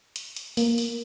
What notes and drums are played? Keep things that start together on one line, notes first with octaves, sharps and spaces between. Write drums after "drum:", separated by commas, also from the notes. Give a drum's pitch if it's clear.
drum: hi-hat
drum: hi-hat
A#3, drum: open hi-hat
drum: open hi-hat